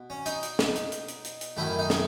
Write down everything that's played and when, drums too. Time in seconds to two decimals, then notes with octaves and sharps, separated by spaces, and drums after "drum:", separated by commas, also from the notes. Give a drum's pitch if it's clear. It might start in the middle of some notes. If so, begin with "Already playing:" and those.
Already playing: B2
0.10 C#4
0.26 D#4, drum: hi-hat
0.43 drum: hi-hat
0.59 drum: snare
0.75 drum: hi-hat
0.92 drum: hi-hat
1.08 drum: hi-hat
1.24 drum: hi-hat
1.41 drum: hi-hat
1.57 F#2 D#3 A3 E4
1.79 D#4
1.90 drum: snare